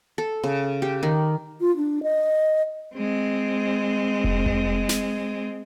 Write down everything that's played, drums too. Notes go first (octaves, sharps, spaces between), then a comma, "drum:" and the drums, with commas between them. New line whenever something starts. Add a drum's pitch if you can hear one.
A4
C#3
G4
D#3
F4
D4
D#5
G#3 C4
drum: kick
drum: kick
drum: snare